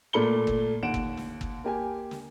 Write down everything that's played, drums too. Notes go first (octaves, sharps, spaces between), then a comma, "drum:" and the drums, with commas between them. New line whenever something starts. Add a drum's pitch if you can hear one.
A#2 A3 A#4 B5 C#7 G7
drum: kick
D#2 F#5 D7 E7
drum: kick
drum: snare
drum: kick
A#3 G4 G#5
drum: snare